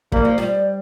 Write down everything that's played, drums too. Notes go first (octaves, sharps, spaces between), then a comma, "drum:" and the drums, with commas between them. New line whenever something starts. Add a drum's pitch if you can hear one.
G3 A#3, drum: kick
F3
G3, drum: snare